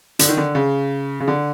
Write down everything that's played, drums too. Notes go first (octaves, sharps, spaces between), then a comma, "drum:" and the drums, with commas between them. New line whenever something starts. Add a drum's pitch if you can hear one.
D3, drum: hi-hat
D#3
D3
C#3
C#3
D3